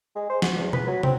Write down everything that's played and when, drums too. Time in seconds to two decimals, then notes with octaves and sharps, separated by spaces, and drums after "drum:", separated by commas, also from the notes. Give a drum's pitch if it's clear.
0.15 G#3
0.29 C5
0.42 F#4, drum: snare
0.57 E2
0.73 B4, drum: tom B2
0.88 F#3
1.03 C4, drum: tom